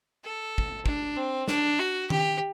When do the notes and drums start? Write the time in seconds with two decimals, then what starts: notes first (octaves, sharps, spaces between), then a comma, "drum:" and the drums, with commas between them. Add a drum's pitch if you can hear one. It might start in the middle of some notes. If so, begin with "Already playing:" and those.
0.24 A4
0.58 drum: kick
0.86 D4, drum: kick
1.16 C4
1.48 D4, drum: snare
1.79 F#4
2.10 G4, drum: tom D#3